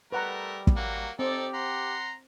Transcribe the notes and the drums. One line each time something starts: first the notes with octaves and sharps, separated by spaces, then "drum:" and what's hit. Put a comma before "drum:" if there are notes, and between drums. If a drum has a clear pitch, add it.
G3 A3 A#4 B4 F#5 A#5
drum: kick
F#3 A#3 F#4
C4 D#4 G4 A4 D5
F#5 A#5 C6